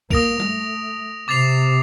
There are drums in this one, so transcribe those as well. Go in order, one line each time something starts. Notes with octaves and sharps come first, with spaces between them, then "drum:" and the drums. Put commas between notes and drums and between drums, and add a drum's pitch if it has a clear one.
A#3 D#6 A#6 D7 F7, drum: kick A#1
A3, drum: tom
C3 D6 A6 C7 F7